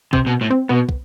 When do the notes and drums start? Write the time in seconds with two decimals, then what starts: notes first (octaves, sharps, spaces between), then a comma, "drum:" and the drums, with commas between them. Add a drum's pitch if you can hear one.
0.13 C3 C4, drum: kick
0.27 B2
0.41 A2
0.51 C4
0.69 B2 B3
0.89 drum: kick